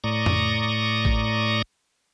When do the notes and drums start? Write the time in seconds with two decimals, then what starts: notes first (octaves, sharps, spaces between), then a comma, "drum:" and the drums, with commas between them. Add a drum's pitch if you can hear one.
0.04 A2 D5 A#5 C#6 D#6
0.26 drum: tom F2
1.05 drum: kick A1